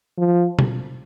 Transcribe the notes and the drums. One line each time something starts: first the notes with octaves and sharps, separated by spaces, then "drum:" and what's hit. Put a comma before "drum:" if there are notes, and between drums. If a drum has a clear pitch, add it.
F3
drum: tom B2